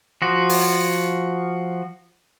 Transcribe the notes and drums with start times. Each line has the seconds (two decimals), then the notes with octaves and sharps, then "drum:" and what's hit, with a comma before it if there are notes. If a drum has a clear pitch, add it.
0.22 F3 F#4
0.49 drum: open hi-hat